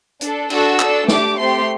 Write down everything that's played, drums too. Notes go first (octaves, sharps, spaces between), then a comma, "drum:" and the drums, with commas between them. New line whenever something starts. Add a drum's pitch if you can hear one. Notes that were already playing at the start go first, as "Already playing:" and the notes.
D4 A4, drum: hi-hat
D4 F#4 A4 E6, drum: cymbal
D4 A4, drum: clap
A3 D4 G4 D6, drum: snare
A3 C4 G4 C6